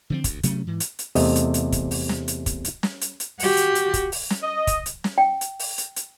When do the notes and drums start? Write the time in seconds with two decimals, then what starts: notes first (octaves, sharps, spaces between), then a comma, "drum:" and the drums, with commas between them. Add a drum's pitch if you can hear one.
0.10 D3 F3 C4
0.24 D2, drum: kick, hi-hat
0.43 C3 F#3 A3 C#4, drum: hi-hat
0.67 G#2 E3
0.80 drum: hi-hat
0.99 drum: hi-hat
1.15 E2 C3 A3 D#5, drum: open hi-hat
1.36 drum: hi-hat
1.54 drum: hi-hat
1.72 drum: kick, hi-hat
1.91 drum: open hi-hat
2.09 drum: snare
2.28 drum: hi-hat
2.46 drum: kick, hi-hat
2.65 drum: hi-hat
2.83 drum: snare
3.01 drum: hi-hat
3.20 drum: hi-hat
3.40 F#4 G4, drum: open hi-hat
3.57 drum: hi-hat
3.75 drum: hi-hat
3.94 drum: kick, hi-hat
4.12 drum: open hi-hat
4.30 drum: snare
4.43 D#5
4.67 drum: kick, hi-hat
4.86 drum: hi-hat
5.04 drum: snare
5.18 G5
5.41 drum: hi-hat
5.59 drum: open hi-hat
5.78 drum: hi-hat
5.96 drum: hi-hat